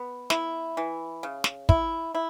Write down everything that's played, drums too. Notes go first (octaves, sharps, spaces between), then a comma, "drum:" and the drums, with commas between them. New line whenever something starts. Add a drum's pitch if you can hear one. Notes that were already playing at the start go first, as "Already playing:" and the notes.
Already playing: B3
E4, drum: snare
E3
C#3
drum: snare
E4, drum: kick
E4